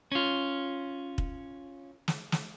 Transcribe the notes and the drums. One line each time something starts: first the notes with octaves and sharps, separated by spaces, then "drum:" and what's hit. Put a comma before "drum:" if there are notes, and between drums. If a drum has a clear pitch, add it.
C#4 F4
drum: kick
drum: snare
drum: snare